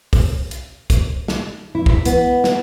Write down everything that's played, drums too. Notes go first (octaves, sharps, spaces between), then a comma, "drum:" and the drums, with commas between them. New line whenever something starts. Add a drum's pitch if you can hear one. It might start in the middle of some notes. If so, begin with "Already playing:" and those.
drum: kick, open hi-hat
drum: hi-hat
drum: kick, hi-hat
drum: snare
E4
drum: kick
B3, drum: hi-hat
drum: snare